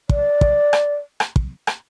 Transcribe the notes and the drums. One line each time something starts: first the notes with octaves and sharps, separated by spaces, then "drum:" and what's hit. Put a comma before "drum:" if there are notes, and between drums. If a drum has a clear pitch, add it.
D5, drum: kick
drum: kick
drum: rim click
drum: rim click
drum: kick
drum: rim click